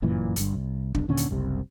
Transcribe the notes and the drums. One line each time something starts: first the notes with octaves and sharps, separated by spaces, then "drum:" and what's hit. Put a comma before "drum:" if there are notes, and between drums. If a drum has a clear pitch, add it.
G1 F#2 A#2 E3
G1 G2, drum: hi-hat
C2
F1 B1 D4, drum: kick
D#2 A#2 D3 C#4
drum: hi-hat
F#1 C2 C3